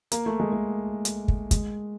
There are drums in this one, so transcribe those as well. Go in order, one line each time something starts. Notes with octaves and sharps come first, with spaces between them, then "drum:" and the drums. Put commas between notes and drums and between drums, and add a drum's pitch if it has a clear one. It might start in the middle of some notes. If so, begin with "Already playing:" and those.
A#3, drum: hi-hat
A3
G#3
A3
drum: hi-hat
drum: kick
G#3, drum: kick, hi-hat